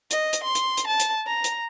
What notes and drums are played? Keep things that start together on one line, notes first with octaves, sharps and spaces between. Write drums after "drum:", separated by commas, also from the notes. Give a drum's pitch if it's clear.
D#5, drum: hi-hat
drum: hi-hat
C6
drum: hi-hat
drum: hi-hat
A5
drum: hi-hat
A#5
drum: hi-hat